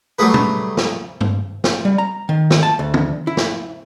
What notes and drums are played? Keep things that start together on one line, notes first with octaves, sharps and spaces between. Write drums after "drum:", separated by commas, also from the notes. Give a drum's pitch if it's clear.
F#3 G3 A3 G#4 B4
drum: tom
drum: snare
drum: tom G2
drum: snare
G3
A#5
D#3
drum: snare
A5
D2
drum: tom
E4
drum: snare